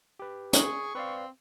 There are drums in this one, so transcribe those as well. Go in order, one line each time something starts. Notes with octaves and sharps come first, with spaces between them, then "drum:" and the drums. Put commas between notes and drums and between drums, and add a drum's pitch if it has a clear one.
G4 B4
G#4 C#6, drum: hi-hat
C4 B4 D5 F5